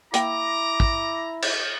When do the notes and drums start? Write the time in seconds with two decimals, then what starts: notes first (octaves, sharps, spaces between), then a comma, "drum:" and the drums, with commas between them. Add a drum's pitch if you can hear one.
0.14 A#3 E4 G5 A#5 D6, drum: hi-hat
0.80 drum: kick
1.42 drum: cymbal